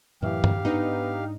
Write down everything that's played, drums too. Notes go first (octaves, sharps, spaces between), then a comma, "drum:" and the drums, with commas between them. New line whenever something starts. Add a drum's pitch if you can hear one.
F#2 A2 E3 G4 F5
drum: tom G2
G#2 B3 D4 D#4